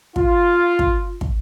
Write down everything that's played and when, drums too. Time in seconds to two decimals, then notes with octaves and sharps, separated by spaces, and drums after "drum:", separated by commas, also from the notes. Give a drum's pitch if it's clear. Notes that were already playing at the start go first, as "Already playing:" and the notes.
0.16 F4, drum: kick
0.79 drum: kick
1.21 drum: kick